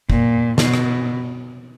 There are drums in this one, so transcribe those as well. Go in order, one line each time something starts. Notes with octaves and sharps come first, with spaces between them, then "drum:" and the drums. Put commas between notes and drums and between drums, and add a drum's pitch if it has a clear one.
A#2, drum: kick
B2, drum: snare
drum: rim click